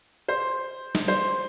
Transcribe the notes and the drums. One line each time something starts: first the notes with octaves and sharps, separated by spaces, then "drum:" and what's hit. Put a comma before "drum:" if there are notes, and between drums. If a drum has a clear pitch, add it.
C5
drum: snare
C5